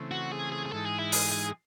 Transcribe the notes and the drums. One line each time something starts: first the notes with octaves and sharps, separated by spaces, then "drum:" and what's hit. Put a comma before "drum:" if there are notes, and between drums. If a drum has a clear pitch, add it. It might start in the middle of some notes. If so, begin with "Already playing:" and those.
Already playing: C#3 E3 A3 C4
F#4
G#4
G#4
G#4
G#2 E3 G#3 D#4 A4
G#4
E4
G#4, drum: open hi-hat
G#4